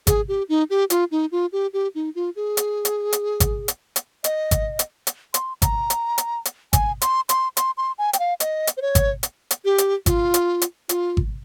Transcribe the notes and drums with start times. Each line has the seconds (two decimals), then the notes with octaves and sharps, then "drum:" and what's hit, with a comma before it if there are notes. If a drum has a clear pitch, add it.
0.07 G#4, drum: kick G#1, hi-hat
0.28 G4
0.49 D#4
0.70 G4
0.90 F4, drum: hi-hat
1.11 D#4
1.32 F4
1.52 G4
1.73 G4
1.95 D#4
2.15 F4
2.36 G#4
2.57 drum: hi-hat
2.85 drum: hi-hat
3.13 drum: hi-hat
3.40 drum: kick G#1, hi-hat
3.68 drum: hi-hat
3.96 drum: hi-hat
4.24 D#5, drum: hi-hat
4.51 drum: kick G#1, hi-hat
4.79 drum: hi-hat
5.07 drum: hi-hat
5.34 C6, drum: hi-hat
5.62 A#5, drum: kick G#1, hi-hat
5.90 drum: hi-hat
6.18 drum: hi-hat
6.45 drum: hi-hat
6.73 G#5, drum: kick G#1, hi-hat
7.01 C6, drum: hi-hat
7.29 C6, drum: hi-hat
7.57 C6, drum: hi-hat
7.78 C6
7.98 G#5
8.13 G5, drum: hi-hat
8.19 F5
8.40 D#5, drum: hi-hat
8.67 drum: hi-hat
8.77 C5
8.82 C#5
8.95 drum: kick G#1, hi-hat
9.23 drum: hi-hat
9.51 drum: hi-hat
9.65 G4
9.78 drum: hi-hat
10.06 F4, drum: kick G#1, hi-hat
10.34 drum: hi-hat
10.62 drum: hi-hat
10.89 F4, drum: hi-hat
11.17 drum: kick G#1